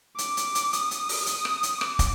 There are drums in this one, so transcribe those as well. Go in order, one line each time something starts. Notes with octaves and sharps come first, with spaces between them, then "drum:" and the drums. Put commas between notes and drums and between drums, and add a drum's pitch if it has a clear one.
D6, drum: hi-hat
drum: hi-hat
drum: hi-hat
D#6, drum: hi-hat
drum: hi-hat
drum: open hi-hat
D#6, drum: hi-hat
drum: rim click
drum: hi-hat
D6, drum: rim click
drum: kick, hi-hat